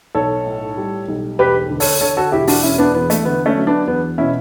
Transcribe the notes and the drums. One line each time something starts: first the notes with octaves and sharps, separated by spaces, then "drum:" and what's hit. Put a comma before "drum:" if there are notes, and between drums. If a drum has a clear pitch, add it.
B1 A4 C#5
A2
G3
B1
E1 G4 B4
D2
A4 C#5, drum: open hi-hat
D3 A4 C#5
F#4 A4
E1 E4 G4
D4 F#4, drum: open hi-hat
E1 C#4 E4
B3 D4
E2 B3
A3, drum: hi-hat
D3 B3
A3 C#4
F#3
B3 D4
E2 B3
B2 C#4 E4